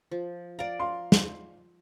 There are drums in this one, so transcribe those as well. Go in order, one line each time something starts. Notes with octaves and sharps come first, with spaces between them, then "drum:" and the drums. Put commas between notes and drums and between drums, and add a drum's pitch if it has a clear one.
F3
D5 F5 A#5
F5 C6
drum: snare